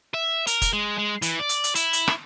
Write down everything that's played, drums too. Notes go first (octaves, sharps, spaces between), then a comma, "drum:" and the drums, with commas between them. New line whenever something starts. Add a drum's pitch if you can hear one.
E5
A#4, drum: hi-hat
drum: kick, hi-hat
G#3
G#3
E3, drum: hi-hat
D5
drum: hi-hat
drum: hi-hat
E4, drum: hi-hat
drum: hi-hat
drum: rim click